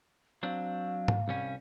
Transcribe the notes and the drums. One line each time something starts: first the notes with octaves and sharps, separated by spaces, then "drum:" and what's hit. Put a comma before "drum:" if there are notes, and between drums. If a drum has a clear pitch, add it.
F#3 C4 D4 F5
drum: tom G#2
C2 G3 C#4